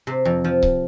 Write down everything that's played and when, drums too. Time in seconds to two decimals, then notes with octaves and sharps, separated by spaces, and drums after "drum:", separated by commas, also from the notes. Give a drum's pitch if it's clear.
0.07 C3
0.25 F2
0.44 F3
0.63 drum: kick C#1